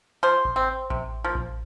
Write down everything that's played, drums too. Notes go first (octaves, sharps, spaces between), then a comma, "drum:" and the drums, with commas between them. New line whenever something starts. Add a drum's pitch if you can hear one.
F3 C5
drum: kick A1
C4
C3, drum: kick A1
F3 A#3
drum: kick A1